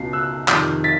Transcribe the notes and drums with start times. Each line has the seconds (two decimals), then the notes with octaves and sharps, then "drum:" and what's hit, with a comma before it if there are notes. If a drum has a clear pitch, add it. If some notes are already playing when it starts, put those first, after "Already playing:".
Already playing: C#2 B2 C7
0.13 E6 F#6
0.48 F2 C3 D#3 F6 G6, drum: clap
0.84 A6 B6